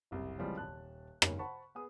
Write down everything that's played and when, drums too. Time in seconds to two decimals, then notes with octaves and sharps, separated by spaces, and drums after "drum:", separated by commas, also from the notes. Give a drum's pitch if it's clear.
0.11 F#1 C2 C3
0.38 C#3 E3 F3 G3 G#3 C4
0.57 D#1 A5 F#6
1.22 G2 C#3, drum: rim click
1.39 C5 F#5 A5 B5 C#6
1.75 B3 G#4 D#6